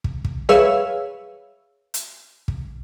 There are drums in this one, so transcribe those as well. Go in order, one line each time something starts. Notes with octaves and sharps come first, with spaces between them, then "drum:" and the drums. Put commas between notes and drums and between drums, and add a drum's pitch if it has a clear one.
drum: kick
drum: kick
G#4 B4 C#5 E5 F5 E6, drum: snare
drum: hi-hat
drum: kick